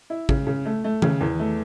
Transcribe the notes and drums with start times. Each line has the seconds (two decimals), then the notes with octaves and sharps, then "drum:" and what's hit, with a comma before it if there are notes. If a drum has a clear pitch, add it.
0.10 E4
0.29 C#3, drum: kick
0.47 C#3
0.65 A3
0.84 A3
1.02 C#3, drum: tom D#3
1.21 E2
1.40 A3